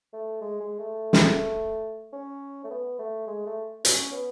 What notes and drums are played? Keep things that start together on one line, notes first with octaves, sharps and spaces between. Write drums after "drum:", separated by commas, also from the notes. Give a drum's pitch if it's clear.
A3
G#3
G#3
A3
drum: snare
C#4
A3
B3
A3
G#3
A3
C#4, drum: hi-hat
B3